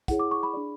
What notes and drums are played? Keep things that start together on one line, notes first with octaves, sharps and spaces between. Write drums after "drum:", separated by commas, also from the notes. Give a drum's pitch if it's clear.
E4 G#4 C#5 F#5, drum: kick, hi-hat
D6
C#6
B5
D4 G#4 D5